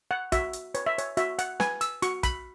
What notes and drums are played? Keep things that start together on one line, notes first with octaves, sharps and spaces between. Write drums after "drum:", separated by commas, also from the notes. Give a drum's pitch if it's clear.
F#5
F#4 E5, drum: kick, hi-hat
drum: hi-hat
B4 C#5, drum: hi-hat
E5
C#5, drum: hi-hat
F#4 E5, drum: hi-hat
F#5, drum: hi-hat
B4 G#5, drum: snare
E6, drum: hi-hat
F#4 C#6, drum: hi-hat
B5, drum: kick, hi-hat